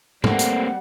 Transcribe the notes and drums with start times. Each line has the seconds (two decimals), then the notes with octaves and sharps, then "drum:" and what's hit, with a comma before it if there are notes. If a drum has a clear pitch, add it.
0.24 G3 A3 A#3 C4 F#5, drum: tom G#2
0.39 drum: hi-hat